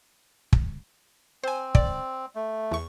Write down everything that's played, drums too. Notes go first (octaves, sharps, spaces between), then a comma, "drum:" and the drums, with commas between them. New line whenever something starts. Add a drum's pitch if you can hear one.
drum: kick
C4 C5 G#5
D5, drum: kick
A3
E2 C#6